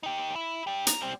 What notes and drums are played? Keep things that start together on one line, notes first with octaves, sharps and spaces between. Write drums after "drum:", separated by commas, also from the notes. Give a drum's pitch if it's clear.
D#4 G4
E4
D4 G4
A#4, drum: hi-hat
G3 C4